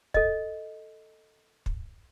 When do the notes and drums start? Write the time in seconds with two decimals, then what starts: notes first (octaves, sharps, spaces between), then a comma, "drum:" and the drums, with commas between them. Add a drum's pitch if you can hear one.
0.14 A4 D#5, drum: kick
1.66 drum: kick